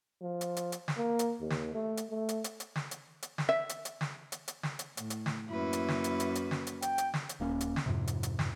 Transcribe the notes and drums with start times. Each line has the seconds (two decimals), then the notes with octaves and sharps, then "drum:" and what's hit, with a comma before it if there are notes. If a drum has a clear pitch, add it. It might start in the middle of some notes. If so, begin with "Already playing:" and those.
0.22 F3
0.41 drum: hi-hat
0.57 drum: hi-hat
0.72 drum: hi-hat
0.88 drum: snare
0.97 A#3
1.19 drum: hi-hat
1.40 D#2
1.50 drum: snare
1.74 A3
1.97 drum: hi-hat
2.10 A3
2.29 drum: hi-hat
2.44 drum: hi-hat
2.60 drum: hi-hat
2.76 drum: snare
2.91 drum: hi-hat
3.22 drum: hi-hat
3.38 drum: snare
3.49 E5
3.69 drum: hi-hat
3.85 drum: hi-hat
4.01 drum: snare
4.32 drum: hi-hat
4.48 drum: hi-hat
4.63 drum: snare
4.79 drum: hi-hat
4.97 A2, drum: hi-hat
5.10 drum: hi-hat
5.26 drum: snare
5.49 F#2 A#3 E4 B4
5.73 drum: hi-hat
5.88 drum: snare
6.04 drum: hi-hat
6.20 drum: hi-hat
6.35 drum: hi-hat
6.51 drum: snare
6.67 drum: hi-hat
6.82 G5, drum: hi-hat
6.98 drum: hi-hat
7.14 drum: snare
7.29 drum: hi-hat
7.40 D#1 A#3 C4 C#4
7.61 drum: hi-hat
7.76 drum: snare
7.86 F2 G#2 C3
8.07 drum: hi-hat
8.23 drum: hi-hat
8.39 drum: snare